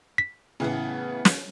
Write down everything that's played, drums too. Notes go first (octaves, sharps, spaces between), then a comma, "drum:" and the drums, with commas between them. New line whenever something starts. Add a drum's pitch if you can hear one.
B6
A2 C#3 E3 B3
drum: snare